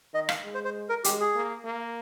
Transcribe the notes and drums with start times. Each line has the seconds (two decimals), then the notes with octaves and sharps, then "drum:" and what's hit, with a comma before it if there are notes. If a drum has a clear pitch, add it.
0.14 D#3 D#5
0.29 F5, drum: rim click
0.44 G#3
0.54 C5
0.65 C5
0.89 A#4
1.04 G#3 G4, drum: hi-hat
1.20 G#4
1.35 A#3
1.65 A#3